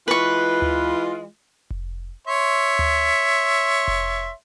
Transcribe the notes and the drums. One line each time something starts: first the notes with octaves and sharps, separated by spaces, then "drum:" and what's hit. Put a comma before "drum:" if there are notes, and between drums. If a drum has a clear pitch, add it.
E3 G#3 F4 B4 C#6
drum: tom D2
drum: kick F1
C#5 E5 C6
drum: tom D2
drum: kick F1